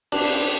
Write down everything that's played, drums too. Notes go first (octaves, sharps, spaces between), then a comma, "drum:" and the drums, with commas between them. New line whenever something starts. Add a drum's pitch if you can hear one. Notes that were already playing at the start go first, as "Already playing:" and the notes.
D4, drum: cymbal